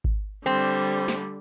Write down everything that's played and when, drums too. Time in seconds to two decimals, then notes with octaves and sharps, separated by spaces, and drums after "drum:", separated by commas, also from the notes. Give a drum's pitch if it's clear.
0.04 drum: kick G#1
0.46 D3 G3 C4
1.08 drum: snare